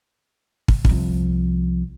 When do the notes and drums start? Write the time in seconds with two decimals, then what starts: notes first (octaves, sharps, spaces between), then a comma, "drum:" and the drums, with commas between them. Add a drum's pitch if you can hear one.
0.68 drum: kick
0.85 C2 F3, drum: kick